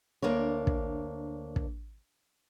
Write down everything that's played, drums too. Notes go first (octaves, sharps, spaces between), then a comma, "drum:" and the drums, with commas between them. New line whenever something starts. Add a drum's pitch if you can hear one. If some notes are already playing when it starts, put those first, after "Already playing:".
D2 A#3 D4 C#5
drum: kick
drum: kick